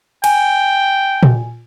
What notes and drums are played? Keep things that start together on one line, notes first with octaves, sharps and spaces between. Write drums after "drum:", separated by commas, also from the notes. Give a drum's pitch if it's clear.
G5 G#5, drum: cymbal
drum: tom A#2